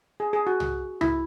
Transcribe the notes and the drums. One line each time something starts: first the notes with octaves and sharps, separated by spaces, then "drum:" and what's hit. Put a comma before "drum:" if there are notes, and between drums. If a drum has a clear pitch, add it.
G#4
G#4
F#4
drum: tom
E4, drum: tom